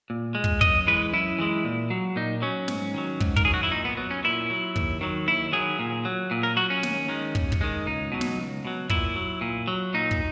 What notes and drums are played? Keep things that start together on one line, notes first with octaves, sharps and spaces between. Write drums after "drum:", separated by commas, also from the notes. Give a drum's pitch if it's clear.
A#2
G#3
drum: kick
F#2 D#5, drum: kick
E3 G#3 B4
F#2 E4
E3 G#3
A#2
F#3
A#2 D#4
F#3 C#4
G#2, drum: snare
D#3 F#3
G#2, drum: kick
A#4, drum: kick
D#3 F#3 G#4
F#4
E4
A#2 D#4
B3
F#3 B3
C#4
A#2 E4
F#3
D#2, drum: kick
D#3 F#3
D#2 E4
D#3 F#3 G#4
A#2
F#3
A#2
A#4
F#3 F#4
C#4
D#2, drum: snare
D#3 G#3
D#2, drum: kick
drum: kick
D#3 G#3
C#2 D#4
B2 F#3
drum: snare
C#2
B2 F#3
A#2 E4, drum: kick
F#3
A#2
F#3
A#2 D#4
drum: kick